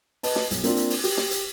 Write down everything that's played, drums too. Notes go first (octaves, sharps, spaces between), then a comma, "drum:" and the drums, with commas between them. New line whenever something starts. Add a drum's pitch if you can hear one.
B4 D#5 A5, drum: open hi-hat
drum: snare
B1, drum: hi-hat
A#3 C4 D4 F4, drum: hi-hat
drum: hi-hat
drum: open hi-hat
G4, drum: open hi-hat
drum: snare
drum: hi-hat